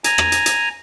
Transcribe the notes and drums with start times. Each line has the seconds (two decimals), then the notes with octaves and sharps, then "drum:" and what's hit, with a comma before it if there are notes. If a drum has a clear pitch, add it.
0.04 G#5 A#5, drum: hi-hat
0.18 drum: rim click
0.32 drum: hi-hat
0.46 drum: hi-hat